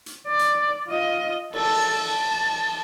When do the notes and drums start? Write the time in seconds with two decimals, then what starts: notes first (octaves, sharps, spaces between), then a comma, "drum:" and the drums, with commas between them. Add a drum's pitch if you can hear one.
0.06 drum: hi-hat
0.28 D5
0.39 drum: hi-hat
0.87 F4 D#5
1.53 A4 A5, drum: cymbal
2.04 A5